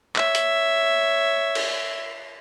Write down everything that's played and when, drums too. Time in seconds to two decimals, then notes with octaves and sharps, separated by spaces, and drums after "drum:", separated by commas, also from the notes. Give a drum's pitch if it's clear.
0.16 C#5 E5, drum: clap
0.35 drum: hi-hat
1.55 drum: cymbal